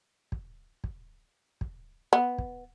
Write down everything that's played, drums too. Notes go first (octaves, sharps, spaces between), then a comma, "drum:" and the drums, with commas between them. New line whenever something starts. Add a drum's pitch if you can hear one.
drum: kick
drum: kick
drum: kick
B3
drum: kick